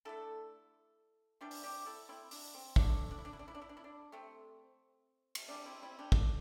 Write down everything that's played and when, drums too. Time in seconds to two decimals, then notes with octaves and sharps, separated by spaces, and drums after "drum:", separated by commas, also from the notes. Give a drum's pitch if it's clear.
0.05 D3 A3 E4 A4
1.41 C3 E3 G3 D4 G4
1.51 drum: open hi-hat
1.64 D4 G4
1.86 E4 A4
2.09 C4 E4
2.31 D4, drum: open hi-hat
2.54 C4
2.76 D3 A3 D4, drum: kick
3.11 D4
3.18 E4
3.25 D4
3.33 E4
3.39 D4
3.48 E4
3.55 D4
3.62 E4
3.69 D4
3.77 E4
3.84 D4
4.12 C3 A3 C4
5.35 drum: cymbal
5.48 C3 E3 G3 D4
5.65 C4 E4
5.82 C4 E4
5.99 D4 G4
6.12 drum: kick